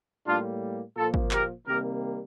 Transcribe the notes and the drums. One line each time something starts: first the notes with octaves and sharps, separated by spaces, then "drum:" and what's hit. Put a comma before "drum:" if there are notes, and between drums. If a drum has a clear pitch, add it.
A2 G3 A#3 D4 F4
A#2 F3 A#3 F4 A4
drum: kick
G4 A#4, drum: clap
C3 D#3 G3 A#3 G4 A#4